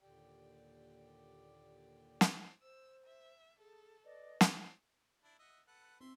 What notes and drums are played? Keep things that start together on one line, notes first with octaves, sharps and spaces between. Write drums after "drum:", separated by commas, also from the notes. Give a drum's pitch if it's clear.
D#2 A#2 D3 G4 D5 G5
drum: snare
C5 E6
E5
G#4 A4
B4 D5 D#5
drum: snare
D4 E4
D#5 E5 F#5
A4 B4 F#5
C4 E5 C6